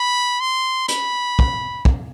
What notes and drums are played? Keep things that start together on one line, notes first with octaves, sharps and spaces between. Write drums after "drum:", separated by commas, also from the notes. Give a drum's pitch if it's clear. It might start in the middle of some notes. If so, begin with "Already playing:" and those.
Already playing: B5
C6
B5, drum: hi-hat
drum: kick
drum: kick